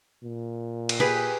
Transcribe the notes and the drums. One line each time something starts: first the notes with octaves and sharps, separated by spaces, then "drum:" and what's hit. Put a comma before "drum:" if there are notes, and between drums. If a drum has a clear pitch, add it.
A#2
drum: cymbal
G4 G#4 B4